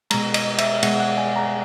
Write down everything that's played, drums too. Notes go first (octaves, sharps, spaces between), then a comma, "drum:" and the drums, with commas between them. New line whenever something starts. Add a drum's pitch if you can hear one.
B2 G#3 A#5, drum: cymbal
D#5, drum: cymbal
E5, drum: cymbal
B2 G#3 F#5, drum: cymbal
F#5
G#5
A#5